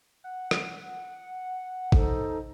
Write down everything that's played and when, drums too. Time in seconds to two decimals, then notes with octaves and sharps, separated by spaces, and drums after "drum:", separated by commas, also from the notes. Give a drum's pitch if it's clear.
0.24 F#5
0.51 drum: rim click
1.92 D#4 A4 C5, drum: kick G#1